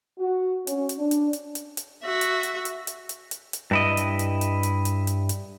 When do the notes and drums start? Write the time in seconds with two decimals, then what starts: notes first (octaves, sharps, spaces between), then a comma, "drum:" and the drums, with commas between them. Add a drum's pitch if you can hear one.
0.19 F#4
0.67 C#4, drum: hi-hat
0.89 drum: hi-hat
0.98 D4
1.11 drum: hi-hat
1.33 drum: hi-hat
1.55 drum: hi-hat
1.77 drum: hi-hat
2.04 F#4 E5
2.21 drum: hi-hat
2.43 drum: hi-hat
2.65 drum: hi-hat
2.87 drum: hi-hat
3.09 drum: hi-hat
3.31 drum: hi-hat
3.53 drum: hi-hat
3.71 G2 E4 D#5
3.97 drum: hi-hat
4.19 drum: hi-hat
4.41 drum: hi-hat
4.63 drum: hi-hat
4.85 drum: hi-hat
5.07 drum: hi-hat
5.29 drum: hi-hat